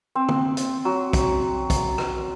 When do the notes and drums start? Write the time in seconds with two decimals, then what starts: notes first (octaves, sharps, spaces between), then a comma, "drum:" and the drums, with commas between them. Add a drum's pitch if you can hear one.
0.15 C4
0.29 drum: tom
0.57 drum: hi-hat
0.85 F#3
1.13 drum: kick, hi-hat
1.70 drum: kick, hi-hat
1.98 drum: rim click